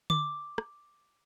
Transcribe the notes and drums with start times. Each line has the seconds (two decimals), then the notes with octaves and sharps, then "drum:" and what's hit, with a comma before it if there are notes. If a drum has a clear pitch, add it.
0.10 D6, drum: tom D3
0.58 drum: rim click